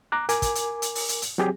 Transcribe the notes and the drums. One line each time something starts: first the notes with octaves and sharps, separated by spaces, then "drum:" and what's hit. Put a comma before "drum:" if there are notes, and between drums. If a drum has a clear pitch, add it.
A#5 D6 F#6
A#4 G#5 D6, drum: hi-hat
drum: kick, hi-hat
drum: hi-hat
drum: hi-hat
drum: open hi-hat
drum: hi-hat
drum: hi-hat
F#3 C4 G4 G#4